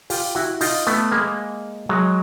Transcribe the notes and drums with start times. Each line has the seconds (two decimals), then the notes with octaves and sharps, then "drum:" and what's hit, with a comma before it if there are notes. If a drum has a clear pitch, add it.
0.10 F4 G4, drum: open hi-hat
0.35 E4 F#4
0.61 D#4 F4, drum: open hi-hat
0.87 A3 B3
1.12 G#3 A#3
1.89 F#3 G#3